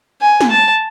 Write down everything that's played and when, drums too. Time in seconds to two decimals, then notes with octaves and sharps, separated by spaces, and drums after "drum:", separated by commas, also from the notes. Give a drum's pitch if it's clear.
0.22 G#5
0.41 drum: snare
0.50 A5